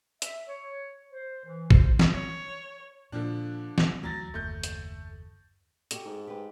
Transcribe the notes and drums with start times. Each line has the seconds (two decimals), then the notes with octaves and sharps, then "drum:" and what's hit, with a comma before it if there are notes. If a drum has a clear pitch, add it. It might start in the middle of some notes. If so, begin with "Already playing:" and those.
0.22 E5, drum: hi-hat
0.47 C#5
1.12 C5
1.44 E3
1.70 C5, drum: kick
1.99 drum: snare
2.14 C#5
3.12 A#2 D3 F3 D4
3.78 drum: snare
4.03 D2 E3 F#3 A3 A6 A#6
4.34 F#1 D#2 A3 G6
4.64 drum: hi-hat
5.91 F#4 G4 A4, drum: hi-hat
6.05 G#2
6.27 G4 B4